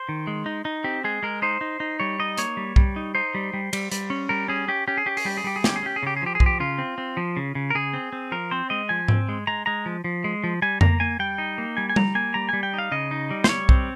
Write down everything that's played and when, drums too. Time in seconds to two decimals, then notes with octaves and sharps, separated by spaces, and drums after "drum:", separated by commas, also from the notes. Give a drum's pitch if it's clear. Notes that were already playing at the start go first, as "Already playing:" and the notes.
Already playing: C5
0.09 D#3
0.27 G#3
0.46 D#4
0.65 D#4
0.84 C4 G4
1.04 G#3 G#4
1.23 G#3 A#4
1.42 D#4 C5
1.61 D#4
1.80 D#4
2.00 G3 C#5
2.19 D#4 D#5
2.38 A#3 C#5, drum: hi-hat
2.57 G3
2.76 G3, drum: kick B1
2.96 D#4
3.15 D#4 C5
3.35 G3
3.54 G3
3.73 G3, drum: cymbal
3.91 G3, drum: hi-hat
4.10 C#4
4.29 G3 A#4
4.48 C#4 G#4
4.68 C#4 G4
4.88 C#4 G4
4.98 G#4
5.06 C#4 G4
5.17 G#4, drum: open hi-hat
5.25 G3 G4
5.37 G#4
5.44 G3 G4
5.56 G#4
5.64 C#4 G4, drum: snare
5.76 G#4
5.83 C#4 G4
5.96 G#4
6.03 C#3 G4
6.17 G#4
6.22 F3 G4
6.35 G#4
6.40 F3, drum: kick B1
6.46 G4
6.60 C#3 F4
6.78 C4
6.98 C4
7.17 F3
7.37 C#3
7.55 C#3
7.70 A#4
7.75 C#3 G#4
7.94 C4
8.12 C4
8.32 F3 A#4
8.51 C4 C5
8.70 G#3 D#5
8.89 F3 G#5
9.08 C4, drum: tom G#2
9.29 G#3
9.47 G#3 A#5
9.66 G#3 A#5
9.86 F3
10.04 F3
10.24 G#3
10.44 F3
10.62 G3 G#5
10.81 A#3 A#5, drum: tom F2
11.00 A#3 G#5
11.19 G3 G5
11.38 D#4
11.58 A#3
11.77 G3 G#5
11.89 G#5
11.96 G3 A#5, drum: tom G3
12.15 A#3 G#5
12.34 G3 A#5
12.49 G3 G#5
12.63 G5
12.73 D#4 F5
12.91 C#3 D#5
13.11 D#4
13.31 G3
13.44 C5, drum: snare
13.49 G3 C#5
13.69 C4, drum: kick B1